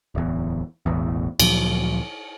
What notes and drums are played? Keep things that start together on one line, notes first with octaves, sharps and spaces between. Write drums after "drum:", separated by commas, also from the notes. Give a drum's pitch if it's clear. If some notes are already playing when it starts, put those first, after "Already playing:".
D1 E2
E1 A1 E2
D2 A#2 F3 F#3, drum: cymbal